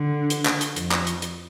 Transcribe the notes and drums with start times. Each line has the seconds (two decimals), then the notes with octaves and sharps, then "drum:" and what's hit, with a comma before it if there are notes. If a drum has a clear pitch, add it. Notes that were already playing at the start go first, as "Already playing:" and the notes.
Already playing: D3
0.30 drum: hi-hat
0.46 drum: clap
0.61 drum: hi-hat
0.76 F2, drum: hi-hat
0.92 drum: clap
1.07 drum: hi-hat
1.22 drum: hi-hat